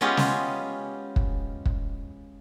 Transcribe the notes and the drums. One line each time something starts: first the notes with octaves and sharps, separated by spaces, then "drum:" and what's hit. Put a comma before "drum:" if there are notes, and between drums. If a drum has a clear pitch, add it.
G#3 B3 C#4 F4 G4 G#4
drum: snare
drum: kick
drum: kick